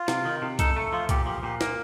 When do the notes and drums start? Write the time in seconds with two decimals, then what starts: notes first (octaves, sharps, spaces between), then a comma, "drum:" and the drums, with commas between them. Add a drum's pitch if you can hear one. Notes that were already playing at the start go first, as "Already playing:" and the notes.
Already playing: F4
0.08 C3, drum: snare
0.25 D#3
0.42 C3
0.59 D#4 A4, drum: kick C2, hi-hat
0.76 A3
0.93 F3 F4
1.09 A#2 G4, drum: kick C2, hi-hat
1.26 F3 G4
1.43 A#2 G4
1.61 A#3, drum: snare